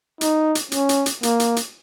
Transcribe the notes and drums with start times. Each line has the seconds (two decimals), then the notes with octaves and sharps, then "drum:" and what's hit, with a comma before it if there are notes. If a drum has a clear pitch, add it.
0.21 D#4, drum: hi-hat
0.55 drum: hi-hat
0.72 C#4, drum: hi-hat
0.89 drum: hi-hat
1.06 drum: hi-hat
1.23 A#3, drum: hi-hat
1.40 drum: hi-hat
1.56 drum: hi-hat